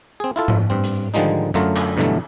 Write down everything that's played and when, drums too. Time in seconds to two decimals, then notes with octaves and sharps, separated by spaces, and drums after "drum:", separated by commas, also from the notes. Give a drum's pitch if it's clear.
0.20 C4 G#4
0.36 E4 F4 A4
0.48 drum: tom G#2
0.70 G2 C4
0.84 drum: hi-hat
1.14 D3 D#3 F3 G3 G#3 D#4
1.54 F#2 D3 F#3 A3 F4 A#5
1.76 drum: clap
1.97 G2 B2 D3 E3 F#3 A3